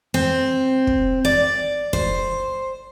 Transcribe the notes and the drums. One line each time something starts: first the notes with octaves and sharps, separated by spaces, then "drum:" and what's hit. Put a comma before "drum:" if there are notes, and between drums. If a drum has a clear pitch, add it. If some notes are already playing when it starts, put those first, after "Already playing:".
C4
drum: kick
D5
C5, drum: kick